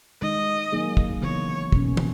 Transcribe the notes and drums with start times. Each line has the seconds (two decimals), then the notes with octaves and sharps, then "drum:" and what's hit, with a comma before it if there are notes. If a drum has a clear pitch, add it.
0.21 D#3 G#3 D#4 D#5
0.72 D#3 F#3 A#3 D#4 G#4
0.97 drum: kick
1.21 C#3 E3 B3 C#5
1.72 B2 A#3 C#4, drum: kick
1.97 drum: tom